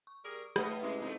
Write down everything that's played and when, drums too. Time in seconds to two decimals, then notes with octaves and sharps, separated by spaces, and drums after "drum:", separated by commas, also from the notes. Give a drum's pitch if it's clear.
0.07 C#6
0.24 G3 G#4 A#4
0.56 A2 A3 B3 B4 D#5 F#5, drum: rim click
0.83 C3 G#3 C#4 E4
1.02 A3 C4 D#4 C5